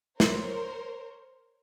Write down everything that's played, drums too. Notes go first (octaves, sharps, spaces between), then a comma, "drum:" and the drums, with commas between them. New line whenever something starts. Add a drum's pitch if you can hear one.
A#4 C5 C#5, drum: snare